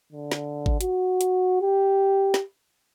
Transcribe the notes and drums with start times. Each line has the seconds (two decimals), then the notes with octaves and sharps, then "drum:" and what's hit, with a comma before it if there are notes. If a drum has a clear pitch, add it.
0.13 D3
0.32 drum: snare
0.66 drum: kick G#1
0.81 F#4, drum: hi-hat
1.21 drum: hi-hat
1.61 G4
2.34 drum: snare